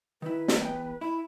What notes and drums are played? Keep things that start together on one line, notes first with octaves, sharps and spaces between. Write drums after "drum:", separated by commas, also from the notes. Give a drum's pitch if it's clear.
D#3 E4 B4
drum: snare
E2 B3 G5
E4 B5